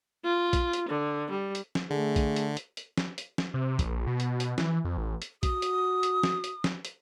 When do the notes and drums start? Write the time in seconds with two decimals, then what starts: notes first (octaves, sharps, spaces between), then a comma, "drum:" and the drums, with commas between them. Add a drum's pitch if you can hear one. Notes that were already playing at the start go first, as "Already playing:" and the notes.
0.24 F4
0.53 drum: kick A#1, hi-hat
0.73 drum: hi-hat
0.88 D3
1.30 G3
1.55 drum: hi-hat
1.75 drum: snare
1.90 D3 A3 G#4
2.16 drum: kick A#1, hi-hat
2.36 drum: hi-hat
2.57 drum: hi-hat
2.77 drum: hi-hat
2.98 drum: snare
3.18 drum: hi-hat
3.38 drum: snare
3.54 C3
3.79 A#1, drum: kick A#1, hi-hat
4.07 B2
4.20 drum: hi-hat
4.40 drum: hi-hat
4.58 E3, drum: snare
4.85 F2
4.97 A1
5.22 drum: hi-hat
5.43 F#4 D#6, drum: kick A#1, hi-hat
5.62 drum: hi-hat
6.03 drum: hi-hat
6.23 drum: snare
6.44 drum: hi-hat
6.64 drum: snare
6.85 drum: hi-hat